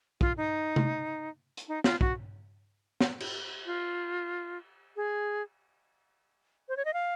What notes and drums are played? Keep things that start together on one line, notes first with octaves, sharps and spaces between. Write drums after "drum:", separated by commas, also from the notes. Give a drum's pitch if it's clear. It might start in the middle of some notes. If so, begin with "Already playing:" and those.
F4, drum: kick
D#4
drum: tom C3
drum: hi-hat
D#4
F4, drum: snare
F#4, drum: kick
drum: snare
drum: cymbal
F4
G#4
C5
C#5
D#5
F5